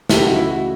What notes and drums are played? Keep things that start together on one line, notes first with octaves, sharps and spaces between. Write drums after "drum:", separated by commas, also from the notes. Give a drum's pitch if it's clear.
C#2 C#3 E3 A3 E4 G4, drum: snare
F#4
E4
F#4